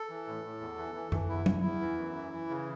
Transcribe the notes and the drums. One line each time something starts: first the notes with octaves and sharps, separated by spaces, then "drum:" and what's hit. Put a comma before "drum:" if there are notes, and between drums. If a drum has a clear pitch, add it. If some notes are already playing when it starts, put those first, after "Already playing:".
Already playing: A4
E3
A2
A2
E2
E3
E3
E3, drum: tom F#2
E2 E4
E2, drum: tom F#3
E2
E3
F#2
E3
E3
C#3